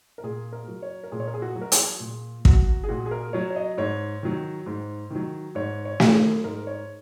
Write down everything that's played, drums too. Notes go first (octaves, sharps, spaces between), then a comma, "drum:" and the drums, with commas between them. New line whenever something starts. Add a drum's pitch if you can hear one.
A#4
A#2 G#4
A#4
F#3
C#5
A#4
A#2 G#4
C#5
A#4
G#4
F#4
F#3
A#4
G#4, drum: hi-hat
A#2
F#3 F#4, drum: kick
G#4
A#2 F#4
G#4
A#4
F#3 C#5
C#5
D#5
G#2 C#5
D#3 F#3
G#2
D#3 F#3
G#2 C#5
C#5
D#3 F#3, drum: snare
G#4
G#2 A#4
C#5